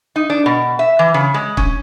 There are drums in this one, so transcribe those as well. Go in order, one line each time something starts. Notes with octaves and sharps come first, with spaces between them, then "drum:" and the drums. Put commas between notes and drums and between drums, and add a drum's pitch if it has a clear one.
D#4
D4
B2
E5
E3
C#3
G#3
C#4, drum: kick